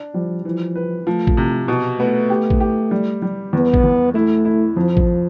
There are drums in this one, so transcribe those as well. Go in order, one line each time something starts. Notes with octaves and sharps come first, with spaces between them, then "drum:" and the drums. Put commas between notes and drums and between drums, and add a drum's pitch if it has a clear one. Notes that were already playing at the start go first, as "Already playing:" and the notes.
Already playing: D4
F3 G3
E3 F3
B4
F3 A3
drum: kick A1
C3
B2
A3 B3
G4
drum: kick A1
G4
G3
G3
E2 B3
drum: kick A1
E2
A3 E4
E4
F2 F3
drum: kick A1